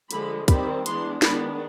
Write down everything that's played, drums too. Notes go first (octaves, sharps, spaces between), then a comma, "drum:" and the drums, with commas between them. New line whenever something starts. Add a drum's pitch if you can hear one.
D3 F3 G#3 B5, drum: hi-hat
D#3 G3 C4 B5, drum: kick, hi-hat
E3 G#3 B3 D4 C6, drum: hi-hat
D#3 G#3 B3 D4 B5, drum: snare